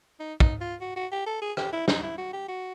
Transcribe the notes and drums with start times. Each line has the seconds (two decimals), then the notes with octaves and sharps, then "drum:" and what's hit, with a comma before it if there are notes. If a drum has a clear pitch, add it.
0.20 D#4
0.40 D#4, drum: kick
0.61 F4
0.81 F#4
0.96 F#4
1.12 G4
1.26 A4
1.42 G#4
1.57 G4, drum: rim click
1.73 E4
1.88 D#4, drum: snare
2.03 E4
2.18 F#4
2.33 G4
2.48 F#4